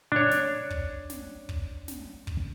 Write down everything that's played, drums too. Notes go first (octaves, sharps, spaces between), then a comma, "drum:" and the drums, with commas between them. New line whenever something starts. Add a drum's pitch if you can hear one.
D4 C#5
drum: snare
drum: kick
drum: snare
drum: kick
drum: snare
drum: kick